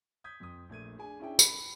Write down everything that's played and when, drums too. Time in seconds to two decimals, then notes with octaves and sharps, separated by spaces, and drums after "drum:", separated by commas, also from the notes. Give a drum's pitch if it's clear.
0.24 D#6 G6 G#6 B6
0.40 F2 D#6
0.69 A#1 A3 G#6 D#7
0.98 D4 G#4 G#5
1.20 C#4 D4 E4 G#4 G5
1.39 B5, drum: tambourine